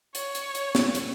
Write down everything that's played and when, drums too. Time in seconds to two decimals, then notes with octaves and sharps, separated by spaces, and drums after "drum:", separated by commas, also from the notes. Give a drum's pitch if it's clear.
0.15 C#5, drum: hi-hat
0.35 drum: hi-hat
0.55 drum: hi-hat
0.75 drum: snare
0.95 drum: hi-hat